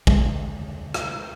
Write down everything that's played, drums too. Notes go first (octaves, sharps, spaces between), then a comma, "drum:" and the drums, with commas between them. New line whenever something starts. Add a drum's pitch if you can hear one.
D2 G#3, drum: kick
drum: rim click